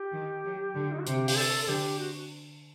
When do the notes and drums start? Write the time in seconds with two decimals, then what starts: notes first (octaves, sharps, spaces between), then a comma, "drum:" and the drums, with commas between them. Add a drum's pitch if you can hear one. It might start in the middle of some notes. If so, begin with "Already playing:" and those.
Already playing: G4
0.13 D#3
0.44 F#3
0.75 D3
0.92 D#4
0.99 F#4
1.06 C3 G4, drum: hi-hat
1.28 G4, drum: open hi-hat
1.37 A4
1.63 A4
1.68 D3 G4
1.99 F#4